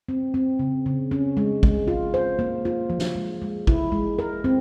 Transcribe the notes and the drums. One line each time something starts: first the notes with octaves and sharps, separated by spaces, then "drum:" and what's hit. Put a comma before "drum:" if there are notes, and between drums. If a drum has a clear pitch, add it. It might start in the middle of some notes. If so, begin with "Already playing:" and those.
C4
C4
C#3
C#3
C#4
G#3
G#3, drum: kick G#1
F4
C5
A#3
F4
F3
drum: snare
G#3
G#3
E4, drum: kick G#1
G#3
A#4
C4